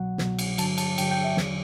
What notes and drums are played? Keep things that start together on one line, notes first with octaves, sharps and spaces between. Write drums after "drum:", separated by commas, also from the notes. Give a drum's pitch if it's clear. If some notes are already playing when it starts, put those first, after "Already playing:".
Already playing: C2 B2 F#3 F#5
C2 B2 F#3, drum: snare
drum: cymbal
G2 D3 F#3 A5, drum: cymbal
A5, drum: cymbal
G2 D3 F#3 G5, drum: cymbal
G5
E5
E2 D3 F#3, drum: snare